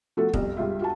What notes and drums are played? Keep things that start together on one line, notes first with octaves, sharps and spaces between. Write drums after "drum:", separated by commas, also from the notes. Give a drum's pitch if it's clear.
F3 A3 F#4 A4
C2 F2, drum: kick
C#2 G2 F4 G4 E5
F4 F#4 A5